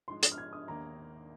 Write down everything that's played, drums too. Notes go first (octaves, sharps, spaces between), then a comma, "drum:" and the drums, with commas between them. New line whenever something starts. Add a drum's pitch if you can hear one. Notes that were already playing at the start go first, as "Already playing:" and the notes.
G#2 F3 G#3 C6
D#6, drum: hi-hat
F6
G#6
D#6
D#2 D#3 A#3 A#5